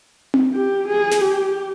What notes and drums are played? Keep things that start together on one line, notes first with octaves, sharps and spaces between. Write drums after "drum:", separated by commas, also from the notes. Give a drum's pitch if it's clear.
drum: tom C4
G4
G#4
drum: snare
G4